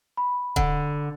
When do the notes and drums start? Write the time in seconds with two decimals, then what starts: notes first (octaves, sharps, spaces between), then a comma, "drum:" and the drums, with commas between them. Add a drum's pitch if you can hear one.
0.17 B5
0.56 D3, drum: kick D#1